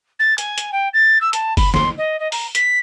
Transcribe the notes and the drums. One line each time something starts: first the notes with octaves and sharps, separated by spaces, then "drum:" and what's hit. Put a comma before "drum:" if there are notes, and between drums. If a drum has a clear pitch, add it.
A6
G#5, drum: hi-hat
drum: hi-hat
G5
A6
E6
A5, drum: hi-hat
B5, drum: kick F#1, open hi-hat
C6, drum: snare
D#5
D#5
A#5, drum: open hi-hat
B6, drum: hi-hat